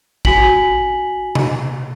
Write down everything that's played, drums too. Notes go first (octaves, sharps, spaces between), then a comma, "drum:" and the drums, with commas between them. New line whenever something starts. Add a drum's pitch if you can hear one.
F#4 G#5 B6 F#7, drum: kick A1
drum: tom C3